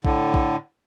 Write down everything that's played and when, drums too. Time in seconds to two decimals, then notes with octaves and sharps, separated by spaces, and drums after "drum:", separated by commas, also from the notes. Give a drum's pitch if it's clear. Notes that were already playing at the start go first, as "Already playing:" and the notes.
0.05 A2 D3, drum: kick A#1
0.34 drum: kick A#1